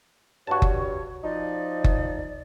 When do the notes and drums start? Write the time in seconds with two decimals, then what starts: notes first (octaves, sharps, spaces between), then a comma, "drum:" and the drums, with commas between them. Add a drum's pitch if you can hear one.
0.47 G2 F#4 C#5 A5
0.62 drum: kick F#1
1.23 F3 D#4 D5
1.84 drum: kick F#1